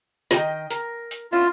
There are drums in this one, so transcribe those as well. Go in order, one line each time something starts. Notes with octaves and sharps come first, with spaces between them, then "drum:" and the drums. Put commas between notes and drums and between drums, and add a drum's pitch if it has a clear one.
D#3 D#5 G5, drum: snare
A#4, drum: hi-hat
drum: hi-hat
B3 C#4 E4 F4